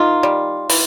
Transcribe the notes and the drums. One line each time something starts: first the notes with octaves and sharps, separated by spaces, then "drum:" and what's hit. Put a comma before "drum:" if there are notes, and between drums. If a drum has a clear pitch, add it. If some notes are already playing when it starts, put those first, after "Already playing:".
Already playing: D#3 D#4 F4
G3
E3, drum: open hi-hat